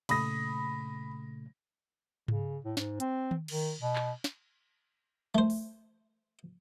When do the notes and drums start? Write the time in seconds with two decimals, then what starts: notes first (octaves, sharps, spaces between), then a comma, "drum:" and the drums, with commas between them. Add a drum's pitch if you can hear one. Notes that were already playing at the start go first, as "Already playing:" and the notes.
0.09 A#2 C#3 A3 B5 D#6 A#6, drum: cymbal
2.28 C#3, drum: tom G#2
2.65 A2
2.77 G#2, drum: snare
3.00 C4, drum: hi-hat
3.31 drum: tom D#3
3.48 D#3, drum: cymbal
3.81 B2
3.96 drum: clap
4.24 drum: snare
5.35 A3 C5
5.50 drum: open hi-hat